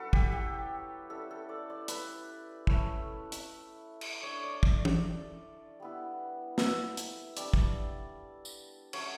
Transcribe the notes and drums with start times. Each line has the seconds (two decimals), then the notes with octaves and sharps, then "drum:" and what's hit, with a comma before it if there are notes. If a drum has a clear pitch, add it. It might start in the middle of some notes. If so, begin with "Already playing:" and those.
Already playing: F#3 C#4 E4 A4 B4
0.13 G4, drum: kick
0.32 G4
1.10 G3 C#4 E4 A4
1.31 A4
1.49 D5
1.70 D5
1.88 B4, drum: hi-hat
2.67 A3 C#4 E4, drum: kick
3.32 drum: hi-hat
4.01 drum: cymbal
4.23 A3 D4 C#5
4.44 D5
4.63 D5, drum: kick
4.85 drum: tom
5.80 G3 B3 E4
6.58 E5, drum: snare
6.97 drum: hi-hat
7.37 G3 D4 D5, drum: hi-hat
7.54 drum: kick
8.45 drum: tambourine
8.93 F#3 A3 C#4 C#5, drum: cymbal